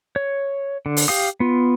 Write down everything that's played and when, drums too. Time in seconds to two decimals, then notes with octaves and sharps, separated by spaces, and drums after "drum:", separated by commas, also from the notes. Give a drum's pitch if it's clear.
0.16 C#5
0.86 D3
0.97 drum: open hi-hat
1.08 G4 F5 D#6
1.40 B3 F4